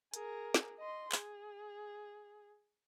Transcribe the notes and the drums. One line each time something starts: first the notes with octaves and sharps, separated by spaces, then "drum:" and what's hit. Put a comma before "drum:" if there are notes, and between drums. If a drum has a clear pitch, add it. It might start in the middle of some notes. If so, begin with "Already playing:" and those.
G#4 A#4, drum: hi-hat
drum: snare
D#5 C6
G#4, drum: clap